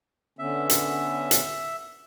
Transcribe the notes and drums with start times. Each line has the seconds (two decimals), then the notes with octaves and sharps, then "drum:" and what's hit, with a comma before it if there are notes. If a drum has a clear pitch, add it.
0.39 D3 B3 C#4 E5
0.69 drum: hi-hat
1.31 drum: hi-hat